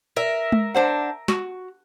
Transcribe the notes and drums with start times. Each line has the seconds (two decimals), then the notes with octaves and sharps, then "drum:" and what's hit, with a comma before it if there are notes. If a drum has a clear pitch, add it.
0.16 A#4 E5
0.52 drum: tom G#3
0.74 D4 C5 F#5
1.28 F#4, drum: snare